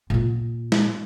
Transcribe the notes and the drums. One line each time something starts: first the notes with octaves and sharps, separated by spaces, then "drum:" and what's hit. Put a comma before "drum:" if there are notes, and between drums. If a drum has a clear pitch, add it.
A#2 F4
drum: snare